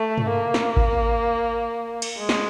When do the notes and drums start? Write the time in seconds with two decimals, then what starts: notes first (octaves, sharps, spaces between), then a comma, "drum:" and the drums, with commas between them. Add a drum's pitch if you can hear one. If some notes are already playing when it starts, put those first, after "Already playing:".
Already playing: A3
0.18 drum: tom G2
0.30 A#3
0.54 drum: snare
0.77 drum: kick G#1
2.02 drum: cymbal
2.19 G#3
2.29 drum: snare